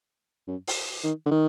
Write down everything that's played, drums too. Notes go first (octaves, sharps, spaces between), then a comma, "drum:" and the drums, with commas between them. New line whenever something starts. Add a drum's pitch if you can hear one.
F#2
drum: open hi-hat
D#3
D3
D#3